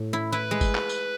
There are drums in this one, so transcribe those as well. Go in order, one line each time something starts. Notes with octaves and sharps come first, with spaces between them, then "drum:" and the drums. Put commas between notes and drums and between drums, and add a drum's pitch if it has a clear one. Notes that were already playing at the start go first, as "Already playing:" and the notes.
Already playing: A2
E4
E4 B4
G#3
drum: kick G1, tambourine
drum: clap
drum: tambourine